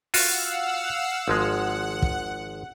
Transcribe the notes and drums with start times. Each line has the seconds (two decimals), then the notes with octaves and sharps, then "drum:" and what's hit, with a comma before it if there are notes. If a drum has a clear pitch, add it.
0.14 F4 F#4 F5 F#5 E6, drum: open hi-hat
1.28 G#1 F3 G#3 F#5
2.02 drum: kick